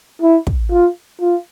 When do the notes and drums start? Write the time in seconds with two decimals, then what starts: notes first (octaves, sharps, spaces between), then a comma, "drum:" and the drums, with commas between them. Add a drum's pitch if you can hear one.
0.22 E4
0.47 drum: kick
0.71 F4
1.21 F4